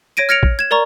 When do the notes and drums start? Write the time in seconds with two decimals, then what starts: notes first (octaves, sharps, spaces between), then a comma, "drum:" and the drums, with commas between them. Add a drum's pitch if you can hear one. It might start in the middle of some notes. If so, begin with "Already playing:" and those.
0.17 C#5 G#6 A#6 D7 D#7
0.29 F6 G#6 A#6 C#7 D7 F7
0.43 drum: kick
0.59 G#6 E7
0.71 A#4 D5 A#5 C#6